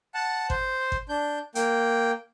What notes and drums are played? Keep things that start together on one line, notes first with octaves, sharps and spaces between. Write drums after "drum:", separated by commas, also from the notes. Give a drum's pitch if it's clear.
F#5 A5
C5, drum: kick G#1
drum: kick G#1
D4 G6
A#3 G5, drum: hi-hat